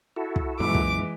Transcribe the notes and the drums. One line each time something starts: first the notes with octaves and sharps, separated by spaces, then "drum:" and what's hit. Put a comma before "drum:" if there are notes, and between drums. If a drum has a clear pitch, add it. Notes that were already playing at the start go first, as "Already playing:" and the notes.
E4 F#4 A4
drum: kick
F#2 A#2 E3 G#3 D6
drum: kick